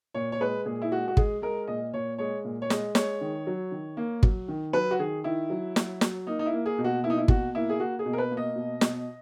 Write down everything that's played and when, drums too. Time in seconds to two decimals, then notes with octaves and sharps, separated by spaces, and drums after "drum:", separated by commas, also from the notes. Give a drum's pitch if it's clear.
0.14 A#2 C#5
0.32 C#5
0.40 G#3 B4
0.65 A#2 G#4
0.82 E4
0.92 G#3 F#4
1.08 F#4
1.17 G#3 G#4, drum: kick
1.42 G#3 A#4
1.67 A#2 D#5
1.93 A#2 C#5
2.18 G#3 C#5
2.44 A#2
2.62 C#5
2.70 G#3 D#5, drum: snare
2.95 G#3 C#5, drum: snare
3.21 D#3
3.47 F#3
3.72 D#3
3.97 A#3
4.23 F#3, drum: kick
4.48 D#3
4.73 F#3 B4
4.91 F#4
4.99 D#3 G#4
5.24 D#3 E4
5.50 F#3
5.76 F#3, drum: snare
6.01 F#3, drum: snare
6.27 A#3 D#4
6.39 D#4
6.46 E4
6.53 A#3
6.66 G#4
6.78 B2
6.84 F#4
7.03 A#3 E4
7.10 D#4
7.18 E4
7.28 B2 F#4, drum: kick
7.55 A#3 E4
7.69 G#4
7.80 A#3 F#4
7.99 G#4
8.06 B2
8.13 A#4
8.18 B4
8.31 A#3
8.37 D#5
8.56 B2
8.81 B2, drum: snare